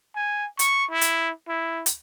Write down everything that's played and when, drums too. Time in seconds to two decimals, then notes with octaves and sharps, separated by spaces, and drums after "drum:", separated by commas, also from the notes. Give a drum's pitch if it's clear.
0.16 G#5
0.59 C#6, drum: hi-hat
0.91 E4
1.01 drum: hi-hat
1.48 E4
1.86 drum: hi-hat